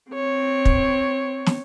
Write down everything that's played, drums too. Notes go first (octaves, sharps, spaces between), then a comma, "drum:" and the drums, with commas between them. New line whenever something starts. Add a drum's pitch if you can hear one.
C4 C#5
drum: kick
drum: snare